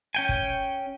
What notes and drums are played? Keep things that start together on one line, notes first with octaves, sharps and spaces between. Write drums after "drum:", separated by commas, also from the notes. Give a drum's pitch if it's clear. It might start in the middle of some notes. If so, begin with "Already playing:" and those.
C#4 G5 G#5
drum: kick